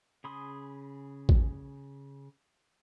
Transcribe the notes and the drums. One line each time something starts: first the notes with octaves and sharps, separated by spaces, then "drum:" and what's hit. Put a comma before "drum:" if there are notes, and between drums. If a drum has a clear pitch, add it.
C#3 G#4 B5 C6 D#6
drum: kick A1